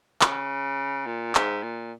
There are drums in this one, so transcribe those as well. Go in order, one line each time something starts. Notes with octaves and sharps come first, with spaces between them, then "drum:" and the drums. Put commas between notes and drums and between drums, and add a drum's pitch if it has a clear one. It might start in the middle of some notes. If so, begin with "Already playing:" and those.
C#3, drum: clap
A#2
G#2, drum: clap
A#2